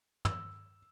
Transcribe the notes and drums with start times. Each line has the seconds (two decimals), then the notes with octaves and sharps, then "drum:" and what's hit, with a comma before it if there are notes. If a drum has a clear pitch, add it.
0.25 E6, drum: tom